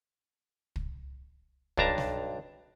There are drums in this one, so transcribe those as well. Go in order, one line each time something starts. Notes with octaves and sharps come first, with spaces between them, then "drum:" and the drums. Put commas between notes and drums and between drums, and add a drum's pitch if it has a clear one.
drum: kick
B1 G2 D4 A5 A#5, drum: kick
drum: snare